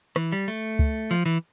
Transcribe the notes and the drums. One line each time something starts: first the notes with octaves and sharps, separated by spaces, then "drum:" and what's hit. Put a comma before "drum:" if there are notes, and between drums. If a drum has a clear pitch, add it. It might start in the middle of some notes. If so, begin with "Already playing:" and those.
E3, drum: rim click
G3
A3
drum: kick C#2
F3
E3